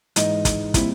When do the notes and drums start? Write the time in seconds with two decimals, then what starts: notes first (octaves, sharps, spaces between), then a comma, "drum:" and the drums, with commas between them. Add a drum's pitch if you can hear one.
0.16 G#2 E3 G#3 D#4, drum: hi-hat
0.45 drum: kick, hi-hat
0.74 A#2 G3 C4 E4, drum: kick, hi-hat